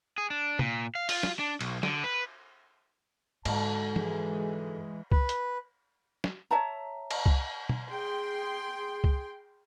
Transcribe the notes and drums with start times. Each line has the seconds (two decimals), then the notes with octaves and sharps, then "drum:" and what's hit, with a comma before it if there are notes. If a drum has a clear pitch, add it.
0.18 G#4
0.30 D4
0.59 A#2, drum: tom
0.95 F5
1.09 F4, drum: open hi-hat
1.23 drum: snare
1.39 D4
1.61 B1, drum: cymbal
1.83 D3, drum: snare
2.04 B4
3.45 G#2 D3 F#4 A4 A5, drum: cymbal
3.96 E3 G#3 G#4, drum: tom
5.12 B4, drum: kick C2
5.29 drum: hi-hat
6.24 drum: snare
6.51 C#5 E5 A5 A#5
7.11 drum: cymbal
7.26 drum: kick C2
7.69 drum: tom
7.90 G#4 G5 C6
9.04 drum: kick C2